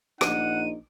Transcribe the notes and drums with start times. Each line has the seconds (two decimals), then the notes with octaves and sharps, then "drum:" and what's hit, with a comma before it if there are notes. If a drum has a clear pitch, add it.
0.21 A#1 D#4 F#5 D#7, drum: rim click